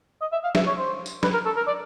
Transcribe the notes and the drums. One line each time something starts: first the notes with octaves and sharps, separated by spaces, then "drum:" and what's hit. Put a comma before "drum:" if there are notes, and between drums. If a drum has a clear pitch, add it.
D#5
E5
F5
E5, drum: snare
C#5
C5
drum: tambourine
B4, drum: snare
A#4
A4
A#4
D5